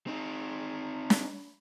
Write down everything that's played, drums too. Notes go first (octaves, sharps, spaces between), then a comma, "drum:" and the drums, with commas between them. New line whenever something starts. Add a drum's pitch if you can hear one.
C4 D#4
drum: snare